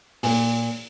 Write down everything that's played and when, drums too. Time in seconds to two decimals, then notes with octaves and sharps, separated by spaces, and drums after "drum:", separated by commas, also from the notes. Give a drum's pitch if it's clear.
0.23 A#2, drum: open hi-hat